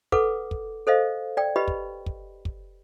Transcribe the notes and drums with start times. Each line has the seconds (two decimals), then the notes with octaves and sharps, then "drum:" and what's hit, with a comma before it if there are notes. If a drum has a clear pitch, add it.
0.12 A4 B4 F#5 D6, drum: kick
0.51 drum: kick
0.87 A4 C5 D#5 F5
1.37 D5 G5
1.56 G4 B4 D#5 B5
1.68 drum: kick
2.06 drum: kick
2.45 drum: kick